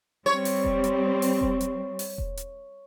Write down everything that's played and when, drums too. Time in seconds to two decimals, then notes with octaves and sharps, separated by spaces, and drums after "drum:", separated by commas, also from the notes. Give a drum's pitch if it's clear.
0.26 G3 C4 C#5
0.45 drum: open hi-hat
0.64 drum: kick E1
0.84 drum: hi-hat
1.22 drum: open hi-hat
1.41 drum: kick E1
1.61 drum: hi-hat
1.99 drum: open hi-hat
2.18 drum: kick E1
2.37 drum: hi-hat